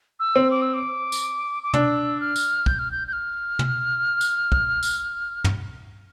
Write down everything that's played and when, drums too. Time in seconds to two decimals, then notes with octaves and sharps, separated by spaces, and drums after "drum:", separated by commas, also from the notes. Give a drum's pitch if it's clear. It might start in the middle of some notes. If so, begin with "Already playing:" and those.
0.20 E6
0.36 C4
0.51 D6
0.62 E6
0.74 D6
1.12 drum: tambourine
1.63 D6
1.73 D4 E6, drum: tom
2.20 F6
2.36 drum: tambourine
2.66 G6, drum: kick
2.79 F6
2.91 G6
3.08 G6
3.13 F6
3.59 drum: tom
4.21 drum: tambourine
4.52 drum: kick
4.83 drum: tambourine
5.44 drum: tom